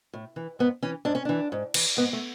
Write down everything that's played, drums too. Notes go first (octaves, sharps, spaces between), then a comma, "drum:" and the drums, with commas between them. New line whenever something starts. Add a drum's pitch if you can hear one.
A2
E3
G#2 B3
E3 C#4
G#2 D4
C#4
E3 D4
G#2
E3, drum: cymbal
G#2 B3
A3